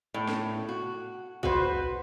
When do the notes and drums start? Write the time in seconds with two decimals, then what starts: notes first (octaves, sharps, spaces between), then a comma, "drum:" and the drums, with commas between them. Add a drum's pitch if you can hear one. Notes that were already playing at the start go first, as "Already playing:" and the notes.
0.14 A2
0.28 drum: snare
0.69 F#4
1.43 F#4 B4 C5, drum: kick A#1